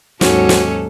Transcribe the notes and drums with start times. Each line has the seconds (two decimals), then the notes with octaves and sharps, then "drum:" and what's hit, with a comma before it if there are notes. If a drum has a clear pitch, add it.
0.21 D#2 G#2 F#3 C#4 F#4 A4, drum: snare
0.49 drum: snare